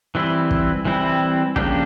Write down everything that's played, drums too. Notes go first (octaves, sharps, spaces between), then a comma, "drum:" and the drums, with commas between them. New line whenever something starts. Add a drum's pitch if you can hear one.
E3 G3 C4 E4
drum: kick
E3 G3 C4 E4
C#3 F3 A#3 D4 G4, drum: kick